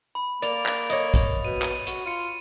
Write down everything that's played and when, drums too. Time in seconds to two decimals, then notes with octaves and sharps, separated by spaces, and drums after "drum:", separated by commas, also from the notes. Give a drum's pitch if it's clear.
0.15 B5
0.42 A#3 D5 A6 F7, drum: hi-hat
0.66 drum: clap
0.90 C#5 D#5, drum: hi-hat
1.14 drum: kick, hi-hat
1.45 B2 D#7
1.62 drum: clap
1.87 F#4, drum: hi-hat
2.06 F4 C#7 D#7